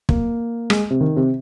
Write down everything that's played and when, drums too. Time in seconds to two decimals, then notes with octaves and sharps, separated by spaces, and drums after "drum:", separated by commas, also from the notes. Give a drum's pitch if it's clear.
0.09 A#3, drum: kick
0.70 G#3, drum: rim click
0.90 C3
1.01 D#3
1.16 C3